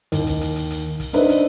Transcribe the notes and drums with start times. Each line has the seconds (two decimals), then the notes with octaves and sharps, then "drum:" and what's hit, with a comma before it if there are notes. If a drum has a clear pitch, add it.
0.12 D#2, drum: hi-hat
0.27 drum: kick, hi-hat
0.41 drum: hi-hat
0.56 drum: hi-hat
0.70 drum: hi-hat
1.00 drum: kick, hi-hat
1.13 D4 D#4 B4 C5 D#5 E5, drum: hi-hat
1.29 drum: hi-hat